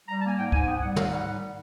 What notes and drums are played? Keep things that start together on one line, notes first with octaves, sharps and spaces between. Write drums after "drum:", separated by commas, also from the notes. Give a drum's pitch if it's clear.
G3 A#5
A5
A#3 G#5
G#2 G5
G#2 G#5, drum: kick
G#5
B3 G5
G3 F#5
G#2 F5, drum: tom
G3 F#5
G#2